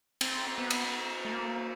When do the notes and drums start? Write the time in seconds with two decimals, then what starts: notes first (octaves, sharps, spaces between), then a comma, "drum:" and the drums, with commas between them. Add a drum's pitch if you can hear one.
0.21 C4, drum: cymbal
0.58 B3
0.70 drum: cymbal
1.25 A3
1.32 A#3